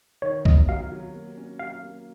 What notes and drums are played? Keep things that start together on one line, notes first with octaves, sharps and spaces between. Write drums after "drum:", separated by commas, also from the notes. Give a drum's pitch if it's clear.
D#3 C#5
B3 D#5, drum: kick
F#3 F5
F#3
A#3
C#4
F#3 F5
A#3